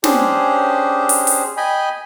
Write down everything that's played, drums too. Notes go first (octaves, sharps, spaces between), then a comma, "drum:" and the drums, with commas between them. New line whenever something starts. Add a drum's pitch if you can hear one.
C#4 D4 G4 G#4 C5, drum: snare
drum: open hi-hat
drum: open hi-hat
D#5 G5 G#5 B5